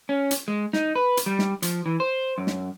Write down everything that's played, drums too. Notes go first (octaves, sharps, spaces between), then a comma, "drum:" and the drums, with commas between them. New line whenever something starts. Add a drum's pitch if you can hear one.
C#4
drum: hi-hat
G#3
D#4, drum: snare
B4
drum: hi-hat
G3
drum: snare
F3, drum: hi-hat
E3
C5
F#2
drum: snare